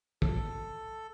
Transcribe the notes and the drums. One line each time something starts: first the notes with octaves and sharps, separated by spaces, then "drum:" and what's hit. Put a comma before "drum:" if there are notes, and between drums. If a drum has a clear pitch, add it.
A4, drum: kick